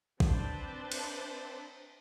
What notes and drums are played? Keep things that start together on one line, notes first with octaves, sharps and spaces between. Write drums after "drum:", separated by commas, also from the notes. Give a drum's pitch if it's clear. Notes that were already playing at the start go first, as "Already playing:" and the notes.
C4 D4 B4 C5 A5, drum: kick
drum: cymbal